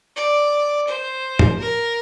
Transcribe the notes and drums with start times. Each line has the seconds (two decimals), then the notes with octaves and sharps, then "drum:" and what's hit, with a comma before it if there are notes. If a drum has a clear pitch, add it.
0.16 D5
0.87 C5
1.39 drum: tom A2
1.58 A#4